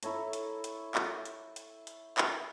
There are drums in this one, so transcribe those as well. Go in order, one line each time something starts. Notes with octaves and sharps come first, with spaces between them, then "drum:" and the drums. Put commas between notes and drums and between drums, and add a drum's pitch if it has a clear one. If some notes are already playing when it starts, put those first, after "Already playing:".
E4 A4 C#5 A#5, drum: hi-hat
drum: hi-hat
drum: hi-hat
drum: clap
drum: hi-hat
drum: hi-hat
drum: hi-hat
drum: clap